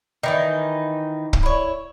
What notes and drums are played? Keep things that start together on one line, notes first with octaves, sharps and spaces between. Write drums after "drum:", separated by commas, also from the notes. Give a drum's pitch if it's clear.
D#3 E3 D#4
drum: kick
E4 C#5